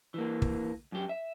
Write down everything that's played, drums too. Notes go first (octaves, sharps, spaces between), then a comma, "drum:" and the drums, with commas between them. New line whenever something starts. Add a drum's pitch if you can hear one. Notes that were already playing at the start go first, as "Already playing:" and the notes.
E3 A#3
drum: kick
F#2 G4
E5